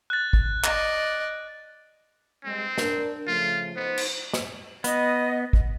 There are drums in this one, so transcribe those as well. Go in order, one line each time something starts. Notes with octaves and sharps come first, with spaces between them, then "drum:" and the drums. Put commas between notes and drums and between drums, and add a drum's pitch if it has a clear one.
F#6 A6
drum: kick
D5 D#5, drum: clap
G2 G#3 C4
D4 A#4, drum: snare
C#3 F3 A3 F4
B3 D#4 C5
drum: cymbal
drum: snare
B3 D#5, drum: hi-hat
drum: kick